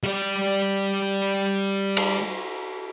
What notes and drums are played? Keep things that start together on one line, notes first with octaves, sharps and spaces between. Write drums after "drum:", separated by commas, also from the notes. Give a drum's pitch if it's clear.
G3 D5
drum: cymbal